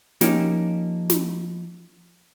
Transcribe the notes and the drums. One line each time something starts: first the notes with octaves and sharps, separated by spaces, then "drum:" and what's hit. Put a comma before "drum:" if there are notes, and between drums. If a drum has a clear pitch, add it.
F3 A#3 C#4 D#4 G4, drum: snare
drum: snare